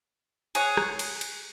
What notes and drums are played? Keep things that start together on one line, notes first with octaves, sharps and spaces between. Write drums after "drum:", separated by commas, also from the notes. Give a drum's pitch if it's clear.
G#4 C#5 F#5, drum: cymbal
drum: rim click
drum: cymbal
drum: cymbal